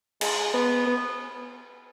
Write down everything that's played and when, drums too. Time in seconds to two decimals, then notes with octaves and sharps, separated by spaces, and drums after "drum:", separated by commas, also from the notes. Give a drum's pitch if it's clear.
0.21 G#3, drum: cymbal
0.54 B3
0.87 B3